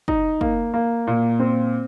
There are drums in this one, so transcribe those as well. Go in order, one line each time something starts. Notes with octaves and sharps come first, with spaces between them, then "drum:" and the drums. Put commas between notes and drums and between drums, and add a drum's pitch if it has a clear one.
D#4, drum: kick
A#3, drum: kick
A#3
A#2
C4